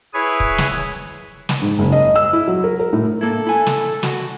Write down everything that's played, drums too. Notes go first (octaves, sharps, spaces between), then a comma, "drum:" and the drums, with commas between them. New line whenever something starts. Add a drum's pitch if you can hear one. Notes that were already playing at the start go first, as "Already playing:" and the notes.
E4 G#4 B4 C#5 G#5
drum: kick
drum: snare
drum: snare
G#2
F#1
D#5
E6
E4
F#3
A#4
A#4
A2
A#3 E4 A4
E4 G#5
drum: snare
F#4, drum: snare